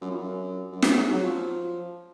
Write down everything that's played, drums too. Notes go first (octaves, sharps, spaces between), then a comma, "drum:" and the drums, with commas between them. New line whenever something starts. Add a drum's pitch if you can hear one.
F#2
F2
F#2
F#2
F2, drum: snare
G#2
F#3
F3